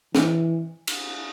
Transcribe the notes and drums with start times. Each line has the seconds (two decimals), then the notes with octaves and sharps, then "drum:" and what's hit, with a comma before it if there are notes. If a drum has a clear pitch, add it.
0.15 E3, drum: snare
0.87 drum: cymbal